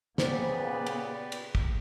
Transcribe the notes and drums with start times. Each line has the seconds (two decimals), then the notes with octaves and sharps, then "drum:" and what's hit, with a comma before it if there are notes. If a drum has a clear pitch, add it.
0.18 A#2 C#3 B3 G4 B4 C5 D5, drum: snare
0.86 drum: cymbal
1.32 drum: cymbal
1.55 drum: kick